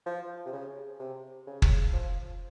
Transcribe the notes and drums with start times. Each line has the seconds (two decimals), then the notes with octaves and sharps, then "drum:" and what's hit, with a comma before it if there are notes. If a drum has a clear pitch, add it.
0.06 F3
0.46 C3
0.53 C#3
1.00 C3
1.47 C#3
1.62 drum: kick
1.94 F3